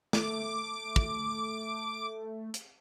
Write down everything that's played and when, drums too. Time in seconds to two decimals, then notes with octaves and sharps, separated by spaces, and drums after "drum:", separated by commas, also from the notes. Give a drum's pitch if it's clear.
0.13 A3 D6, drum: snare
0.96 drum: kick
2.54 drum: hi-hat